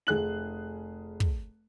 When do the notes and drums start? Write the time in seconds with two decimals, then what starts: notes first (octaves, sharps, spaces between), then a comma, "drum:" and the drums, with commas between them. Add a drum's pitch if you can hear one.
0.07 F1 G#4 F#6 F#7
1.20 drum: kick